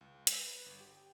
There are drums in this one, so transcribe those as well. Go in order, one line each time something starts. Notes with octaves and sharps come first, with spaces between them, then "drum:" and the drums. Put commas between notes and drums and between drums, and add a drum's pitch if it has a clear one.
C#2
B4, drum: hi-hat
B4
G1
G4
G5